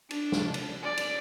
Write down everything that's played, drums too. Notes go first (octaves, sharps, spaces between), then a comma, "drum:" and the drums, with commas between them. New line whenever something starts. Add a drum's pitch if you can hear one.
D4, drum: cymbal
drum: snare
drum: cymbal
D5
drum: cymbal